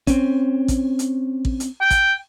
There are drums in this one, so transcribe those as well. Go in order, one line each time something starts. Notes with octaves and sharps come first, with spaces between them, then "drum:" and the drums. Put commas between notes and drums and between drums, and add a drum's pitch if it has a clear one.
C4 C#4, drum: kick A1, hi-hat
drum: kick A1, hi-hat
drum: hi-hat
drum: kick A1
drum: hi-hat
G5
drum: kick A1, hi-hat